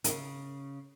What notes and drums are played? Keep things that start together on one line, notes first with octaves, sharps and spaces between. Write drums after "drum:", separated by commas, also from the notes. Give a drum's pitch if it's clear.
D#3, drum: hi-hat
C#3